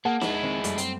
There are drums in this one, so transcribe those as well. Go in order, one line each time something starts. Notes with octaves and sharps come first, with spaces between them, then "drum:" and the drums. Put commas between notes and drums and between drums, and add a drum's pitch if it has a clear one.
A#3 G#4 F#5 A5
G#3 E4, drum: snare
D#3 C4
F#2 G3 A3, drum: hi-hat
C4, drum: hi-hat